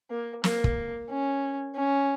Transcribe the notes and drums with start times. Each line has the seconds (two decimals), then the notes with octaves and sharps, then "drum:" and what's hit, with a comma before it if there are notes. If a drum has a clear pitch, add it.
0.10 A#3
0.44 A#3, drum: snare
0.64 drum: kick
1.09 C#4
1.75 C#4